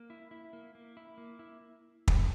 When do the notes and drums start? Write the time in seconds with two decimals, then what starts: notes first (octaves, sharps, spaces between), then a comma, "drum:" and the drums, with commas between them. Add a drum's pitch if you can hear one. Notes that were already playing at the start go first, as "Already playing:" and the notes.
Already playing: A#3
0.10 E4
0.31 E4
0.53 A#3
0.75 A#3
0.97 E4
1.18 A#3
1.39 E4
2.08 drum: kick